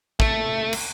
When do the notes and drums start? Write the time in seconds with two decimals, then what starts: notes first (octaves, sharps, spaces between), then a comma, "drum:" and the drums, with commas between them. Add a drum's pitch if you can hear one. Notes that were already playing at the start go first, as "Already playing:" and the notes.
0.20 A3, drum: kick
0.73 drum: cymbal